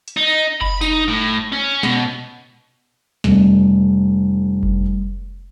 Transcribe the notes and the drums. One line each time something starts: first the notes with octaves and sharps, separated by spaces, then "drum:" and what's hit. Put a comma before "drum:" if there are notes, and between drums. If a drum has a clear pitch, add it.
drum: hi-hat
D#4
B5, drum: kick F#1
D#4, drum: tambourine
A2
C#4
B2, drum: snare
F1 G3 A3, drum: snare
drum: kick F#1